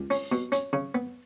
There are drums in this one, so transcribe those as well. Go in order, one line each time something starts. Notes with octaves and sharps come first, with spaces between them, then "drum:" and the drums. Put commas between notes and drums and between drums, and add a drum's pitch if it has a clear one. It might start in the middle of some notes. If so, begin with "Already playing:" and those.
Already playing: C#2
C#4, drum: open hi-hat
B2
C#4, drum: hi-hat
C#3
B3